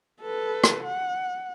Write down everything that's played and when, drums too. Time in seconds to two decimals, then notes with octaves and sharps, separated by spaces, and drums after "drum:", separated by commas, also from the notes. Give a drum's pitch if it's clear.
0.22 A4 B4
0.64 drum: rim click
0.84 F#5